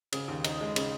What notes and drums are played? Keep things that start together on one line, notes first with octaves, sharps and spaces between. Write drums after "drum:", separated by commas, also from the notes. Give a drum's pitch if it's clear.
C#3, drum: cymbal
D#2
D#4, drum: cymbal
G#3
C#3, drum: cymbal